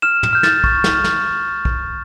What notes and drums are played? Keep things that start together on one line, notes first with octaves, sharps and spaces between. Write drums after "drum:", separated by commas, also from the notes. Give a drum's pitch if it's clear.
F6 E7
drum: tom
F6 G6
A6, drum: snare
C#6, drum: kick
drum: snare
F6
drum: snare
drum: kick